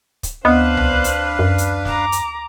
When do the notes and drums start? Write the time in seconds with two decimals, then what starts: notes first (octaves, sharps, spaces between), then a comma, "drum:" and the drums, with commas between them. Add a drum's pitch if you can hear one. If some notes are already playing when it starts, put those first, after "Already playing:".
0.23 drum: kick, hi-hat
0.45 D2 B3 D4 B4 C5 F5 F#6
0.77 drum: tom C2
1.04 drum: hi-hat
1.39 F#2
1.58 drum: hi-hat
1.85 A#5 D6, drum: snare
2.12 drum: hi-hat